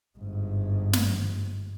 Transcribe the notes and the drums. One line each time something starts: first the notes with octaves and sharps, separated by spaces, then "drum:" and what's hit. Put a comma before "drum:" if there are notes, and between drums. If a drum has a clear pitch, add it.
G1 G#2
drum: snare